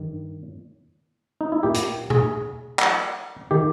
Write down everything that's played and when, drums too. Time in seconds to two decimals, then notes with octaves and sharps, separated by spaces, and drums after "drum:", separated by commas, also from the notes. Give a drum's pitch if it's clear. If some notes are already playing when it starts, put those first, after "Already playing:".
Already playing: G2 D#3
1.41 D#4
1.52 E4
1.63 A#2 G4
1.74 drum: hi-hat
2.10 G#4, drum: tom
2.79 drum: clap
3.51 D#3 G4